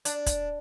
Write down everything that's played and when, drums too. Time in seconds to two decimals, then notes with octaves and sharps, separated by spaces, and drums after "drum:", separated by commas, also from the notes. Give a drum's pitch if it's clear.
0.05 D4, drum: hi-hat
0.26 drum: kick, hi-hat